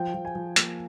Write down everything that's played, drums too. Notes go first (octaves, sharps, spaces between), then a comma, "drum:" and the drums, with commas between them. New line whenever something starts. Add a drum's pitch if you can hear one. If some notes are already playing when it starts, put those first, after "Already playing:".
Already playing: F3 G5
F3
G#5
F3
A#3, drum: hi-hat